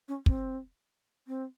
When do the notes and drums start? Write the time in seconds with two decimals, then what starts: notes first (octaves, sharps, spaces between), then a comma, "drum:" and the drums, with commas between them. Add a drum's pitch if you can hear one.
0.08 C#4
0.26 C4, drum: kick
1.28 C4